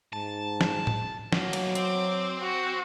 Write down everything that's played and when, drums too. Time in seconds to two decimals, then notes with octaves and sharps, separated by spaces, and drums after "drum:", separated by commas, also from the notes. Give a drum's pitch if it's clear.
0.13 G#2 A5
0.61 drum: snare
0.87 drum: tom A2
1.32 B2 F#3 A#3, drum: snare
1.53 drum: cymbal
1.75 C4 D6, drum: hi-hat
2.43 F#4